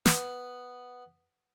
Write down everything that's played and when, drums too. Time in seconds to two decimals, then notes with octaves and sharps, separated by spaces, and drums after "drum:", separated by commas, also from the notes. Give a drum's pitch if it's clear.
0.06 B3, drum: snare